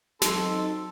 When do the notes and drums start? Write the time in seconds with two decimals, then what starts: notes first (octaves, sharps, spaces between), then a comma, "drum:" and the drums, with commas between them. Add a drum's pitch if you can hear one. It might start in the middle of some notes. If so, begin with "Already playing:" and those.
0.22 F#3 C4 D#4 A4 C6 E6, drum: snare